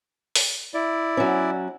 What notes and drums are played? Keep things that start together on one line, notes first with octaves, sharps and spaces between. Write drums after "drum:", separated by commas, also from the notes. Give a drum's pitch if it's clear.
drum: open hi-hat
E4 D5
F#3 C#4